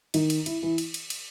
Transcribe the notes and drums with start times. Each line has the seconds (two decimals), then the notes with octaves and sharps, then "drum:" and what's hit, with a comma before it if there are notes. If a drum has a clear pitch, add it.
0.14 D#3 D#4, drum: cymbal
0.30 drum: cymbal
0.46 E4, drum: cymbal
0.62 E3 E4
0.78 drum: cymbal
0.94 drum: cymbal
1.10 drum: cymbal